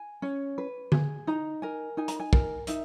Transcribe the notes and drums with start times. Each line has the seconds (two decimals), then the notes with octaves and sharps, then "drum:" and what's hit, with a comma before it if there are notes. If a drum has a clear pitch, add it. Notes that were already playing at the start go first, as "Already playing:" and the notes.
Already playing: G#5
0.22 C#4
0.58 B4
0.92 G#4, drum: tom D3
1.27 D#4 A#5
1.62 A#4 G#5
1.97 D#4 G#5
2.08 A#5, drum: hi-hat
2.20 G#5
2.33 A#4, drum: kick
2.67 D#4 E5, drum: hi-hat